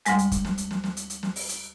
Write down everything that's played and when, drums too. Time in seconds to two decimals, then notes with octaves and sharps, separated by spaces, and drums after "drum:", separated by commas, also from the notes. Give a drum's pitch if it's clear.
0.05 D2 G#2 G3 G#3 G#5, drum: hi-hat
0.19 drum: hi-hat
0.32 drum: kick, hi-hat
0.45 drum: snare
0.58 drum: hi-hat
0.71 drum: snare
0.84 drum: snare
0.97 drum: hi-hat
1.10 drum: hi-hat
1.23 drum: snare
1.36 drum: open hi-hat
1.49 drum: hi-hat